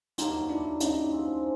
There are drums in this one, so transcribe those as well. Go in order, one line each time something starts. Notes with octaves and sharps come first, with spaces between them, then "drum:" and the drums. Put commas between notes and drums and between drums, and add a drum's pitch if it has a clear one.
G2 D3 F#3 A#3 D#4 F4, drum: hi-hat
D4 E4
C#4 D#4, drum: hi-hat
F3 G#3 C4 F4